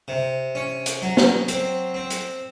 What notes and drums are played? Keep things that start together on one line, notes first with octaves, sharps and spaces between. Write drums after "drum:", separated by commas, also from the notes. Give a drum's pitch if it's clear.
C3
C#4
drum: hi-hat
F#3
drum: snare
C4, drum: hi-hat
C4
drum: hi-hat